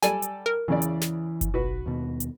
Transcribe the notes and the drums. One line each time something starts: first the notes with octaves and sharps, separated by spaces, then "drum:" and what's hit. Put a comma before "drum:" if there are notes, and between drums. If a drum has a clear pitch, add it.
G3 A4 D5 G#5, drum: snare
drum: hi-hat
A#4
E2 C#3 E3 D5
drum: hi-hat
drum: snare
drum: kick F#1, hi-hat
B1 F#4 B4
D#2 B2
drum: hi-hat